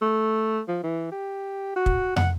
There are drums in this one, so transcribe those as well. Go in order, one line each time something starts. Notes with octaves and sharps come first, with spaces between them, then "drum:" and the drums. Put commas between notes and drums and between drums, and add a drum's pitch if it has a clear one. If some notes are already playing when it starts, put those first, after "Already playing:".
A3
F3
E3
G4
F#4
drum: kick
F#5, drum: tom